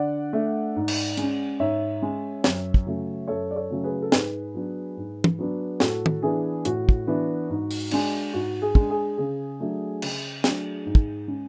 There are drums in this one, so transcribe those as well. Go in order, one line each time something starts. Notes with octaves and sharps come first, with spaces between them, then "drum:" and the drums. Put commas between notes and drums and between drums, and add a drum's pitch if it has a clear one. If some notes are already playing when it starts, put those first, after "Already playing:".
Already playing: D3 D5 F#5
A3 D4
G#2
drum: cymbal
G#3 C#4, drum: hi-hat
G#2 C#5 E5
G#3 C#4
F#2, drum: snare
drum: kick
C#3 F#3 A3 C#4
F#2 A4 C#5
D5
A4 C#5
C#3 F#3 A3 C#4
G#4 B4
A4
G#2 G#4 B4, drum: snare
F#3 B3 D4
G#2
drum: tom
F#3 B3 D4
A2 F#4 A4, drum: snare
drum: tom
E3 B3 D4 G#4
A2 F#4, drum: hi-hat
drum: kick
E3 B3 D4
G#2
drum: open hi-hat
G#3 D4, drum: cymbal
G#2 F#4
G#4
G#3 D4, drum: kick
G#4
C#3 G#4
F#3 A3 D4
C#3, drum: cymbal
F#3 A3 D4, drum: snare
G#2
drum: kick
G#3 C#4